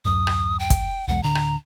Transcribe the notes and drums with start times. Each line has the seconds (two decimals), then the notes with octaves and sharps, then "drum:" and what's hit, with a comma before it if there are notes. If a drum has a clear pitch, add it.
0.05 D1 F#2 D#6
0.27 drum: rim click
0.59 G5
0.70 drum: kick, hi-hat
1.08 B1 E2 G#3 F#5
1.23 D1 D3 A#5
1.35 drum: rim click